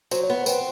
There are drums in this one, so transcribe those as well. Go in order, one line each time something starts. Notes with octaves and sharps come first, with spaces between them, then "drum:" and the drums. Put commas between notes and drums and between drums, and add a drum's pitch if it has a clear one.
F#3 C5, drum: tambourine
C#5
B3
C5
C4 B4, drum: tambourine